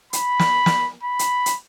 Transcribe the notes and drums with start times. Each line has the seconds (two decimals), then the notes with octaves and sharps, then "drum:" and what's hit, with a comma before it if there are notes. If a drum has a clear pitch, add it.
0.13 B5, drum: hi-hat
0.39 drum: snare
0.66 drum: snare
1.03 B5
1.19 drum: hi-hat
1.46 drum: hi-hat